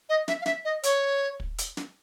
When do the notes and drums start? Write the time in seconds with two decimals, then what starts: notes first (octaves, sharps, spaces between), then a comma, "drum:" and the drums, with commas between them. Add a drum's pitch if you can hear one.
0.09 D#5
0.28 E5, drum: snare
0.41 F5
0.46 E5, drum: snare
0.65 D#5
0.83 C#5, drum: hi-hat
1.40 drum: kick
1.58 drum: hi-hat
1.77 drum: snare